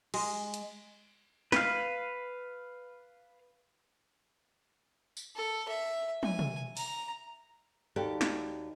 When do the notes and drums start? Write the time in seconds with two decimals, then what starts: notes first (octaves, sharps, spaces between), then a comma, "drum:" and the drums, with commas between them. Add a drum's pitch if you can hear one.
0.14 G#3, drum: cymbal
0.54 drum: hi-hat
1.52 B4 F5, drum: snare
5.17 drum: tambourine
5.36 A4
5.68 E5
6.23 G#5, drum: tom
6.39 drum: tom
6.77 A#5, drum: open hi-hat
7.96 D#2 F#4 G4 A4 D5
8.21 drum: snare